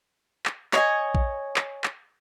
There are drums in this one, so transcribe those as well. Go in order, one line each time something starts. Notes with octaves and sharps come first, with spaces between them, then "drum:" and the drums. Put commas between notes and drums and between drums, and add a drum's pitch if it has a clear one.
drum: clap
C#5 D#5 G#5, drum: clap
drum: kick
drum: clap
drum: clap